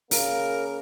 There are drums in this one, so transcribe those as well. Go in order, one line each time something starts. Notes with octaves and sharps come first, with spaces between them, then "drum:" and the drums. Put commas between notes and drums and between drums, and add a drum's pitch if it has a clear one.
C#3 A#3 A#4, drum: open hi-hat